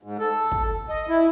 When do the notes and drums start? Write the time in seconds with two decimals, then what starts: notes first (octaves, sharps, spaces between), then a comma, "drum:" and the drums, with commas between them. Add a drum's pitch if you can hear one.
0.03 G#2
0.19 A4
0.52 drum: kick
0.89 D#5
1.09 E4